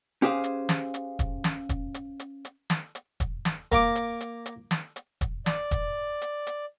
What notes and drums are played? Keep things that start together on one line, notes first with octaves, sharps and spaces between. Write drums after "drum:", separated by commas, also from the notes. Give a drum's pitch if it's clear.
C#4 G4 G#4 C5 F5
drum: hi-hat
drum: snare
drum: hi-hat
drum: kick E1, hi-hat
drum: snare
drum: kick E1, hi-hat
drum: hi-hat
drum: hi-hat
drum: hi-hat
drum: snare
drum: hi-hat
drum: kick E1, hi-hat
drum: snare
A#3 D6, drum: kick E1, hi-hat
drum: hi-hat
drum: hi-hat
drum: hi-hat
drum: snare
drum: hi-hat
drum: kick E1, hi-hat
D5, drum: snare
drum: kick E1, hi-hat
drum: hi-hat
drum: hi-hat